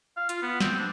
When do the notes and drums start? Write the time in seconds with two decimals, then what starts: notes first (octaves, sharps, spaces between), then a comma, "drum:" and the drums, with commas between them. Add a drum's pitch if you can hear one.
0.17 F5
0.29 F4, drum: hi-hat
0.42 B3
0.61 C4, drum: snare
0.79 D4